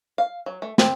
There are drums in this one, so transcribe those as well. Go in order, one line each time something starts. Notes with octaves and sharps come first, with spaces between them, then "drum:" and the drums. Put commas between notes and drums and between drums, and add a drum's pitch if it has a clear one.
F5
F#3
A3
C4, drum: snare